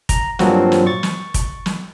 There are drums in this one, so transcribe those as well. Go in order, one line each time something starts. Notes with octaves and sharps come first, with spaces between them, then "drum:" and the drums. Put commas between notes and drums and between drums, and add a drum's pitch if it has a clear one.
A#5, drum: kick, hi-hat
G2 A#2 F3 F#3 C4 F#4, drum: snare
drum: snare
C#6 A6
drum: snare
drum: kick, hi-hat
drum: snare